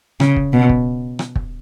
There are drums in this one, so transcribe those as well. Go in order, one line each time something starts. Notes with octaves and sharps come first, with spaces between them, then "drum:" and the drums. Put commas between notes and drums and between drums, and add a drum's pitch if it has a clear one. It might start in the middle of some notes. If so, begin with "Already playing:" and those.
C#3, drum: rim click
drum: kick
B2
drum: kick
drum: rim click
drum: kick